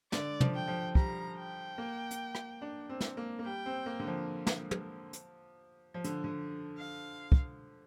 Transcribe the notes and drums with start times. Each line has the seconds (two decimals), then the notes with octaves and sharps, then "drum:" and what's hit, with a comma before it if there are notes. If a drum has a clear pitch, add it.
0.12 D3 D5, drum: snare
0.40 F3, drum: tom
0.54 G5
0.68 F3
0.95 G3 A#5, drum: kick
1.37 G5
1.78 A#3
2.11 drum: hi-hat
2.35 drum: rim click
2.61 D4
2.89 C4
3.00 drum: snare
3.17 A#3
3.39 A#3
3.44 G3 G5
3.66 C4
3.86 A#3
4.00 D3
4.07 F3
4.47 drum: snare
4.71 drum: tom
5.13 drum: hi-hat
5.94 F3
6.04 D3, drum: hi-hat
6.24 D3
6.78 F5
7.32 drum: kick